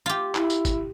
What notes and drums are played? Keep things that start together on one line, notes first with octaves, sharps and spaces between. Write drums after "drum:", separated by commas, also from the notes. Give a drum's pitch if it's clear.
F4 G4
E4, drum: clap
drum: tambourine
drum: kick, tambourine